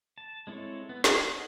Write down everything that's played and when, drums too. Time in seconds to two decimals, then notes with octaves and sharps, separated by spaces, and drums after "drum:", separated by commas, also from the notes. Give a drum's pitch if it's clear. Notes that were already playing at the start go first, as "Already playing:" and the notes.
0.18 A5
0.47 G#3 C4 E4 A4 C#5
0.89 B3
1.04 G#4 C5 G5 G#5, drum: snare
1.29 D#5 F#5